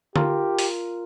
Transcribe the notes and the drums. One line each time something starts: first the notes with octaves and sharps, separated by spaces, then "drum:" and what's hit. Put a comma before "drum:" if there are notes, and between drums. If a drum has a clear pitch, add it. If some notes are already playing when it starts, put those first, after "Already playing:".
F4 G4 A#4, drum: tom D3
drum: open hi-hat